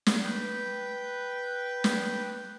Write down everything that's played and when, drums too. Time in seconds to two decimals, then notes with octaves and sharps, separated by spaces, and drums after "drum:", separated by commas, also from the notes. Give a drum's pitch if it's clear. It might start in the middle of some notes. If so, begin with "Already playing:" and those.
0.06 drum: snare
0.24 B4 G5
1.84 drum: snare